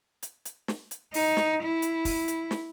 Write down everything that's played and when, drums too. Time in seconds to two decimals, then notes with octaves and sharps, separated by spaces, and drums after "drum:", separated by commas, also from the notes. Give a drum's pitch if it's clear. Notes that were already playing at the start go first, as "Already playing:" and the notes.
0.23 drum: hi-hat
0.45 drum: hi-hat
0.68 drum: snare
0.91 drum: hi-hat
1.14 D#4, drum: open hi-hat
1.37 drum: snare
1.63 E4
1.82 drum: hi-hat
2.05 drum: kick, open hi-hat
2.28 drum: hi-hat
2.51 drum: snare